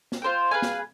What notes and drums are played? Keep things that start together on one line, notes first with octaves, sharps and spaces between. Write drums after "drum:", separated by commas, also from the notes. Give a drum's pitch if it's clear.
drum: snare
F4 C5 G5
G#4 B4 F5 G#5
drum: snare